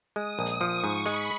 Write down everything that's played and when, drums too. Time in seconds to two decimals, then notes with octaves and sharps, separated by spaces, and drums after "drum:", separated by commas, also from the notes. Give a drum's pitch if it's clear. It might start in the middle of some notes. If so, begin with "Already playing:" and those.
0.15 G#3 D#6
0.39 A#1
0.46 D#6, drum: hi-hat
0.61 F3
0.75 C#6
0.84 G#2
1.05 G#3 B5, drum: hi-hat